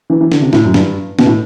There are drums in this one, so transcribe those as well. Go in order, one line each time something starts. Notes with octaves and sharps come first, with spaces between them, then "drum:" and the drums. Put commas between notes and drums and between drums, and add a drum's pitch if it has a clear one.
E3
E3
D3, drum: snare
C3
A2, drum: snare
F#2
G2, drum: snare
B2, drum: snare
A2